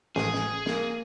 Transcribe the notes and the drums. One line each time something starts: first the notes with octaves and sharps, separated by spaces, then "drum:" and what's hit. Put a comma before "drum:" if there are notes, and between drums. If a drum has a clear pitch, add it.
A1 G#4, drum: snare
drum: snare
A#3, drum: snare